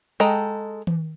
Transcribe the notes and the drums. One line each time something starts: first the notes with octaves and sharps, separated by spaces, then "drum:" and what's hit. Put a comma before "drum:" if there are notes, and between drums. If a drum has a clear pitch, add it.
G#3 A4 D#5 G5 A#5
drum: tom D#3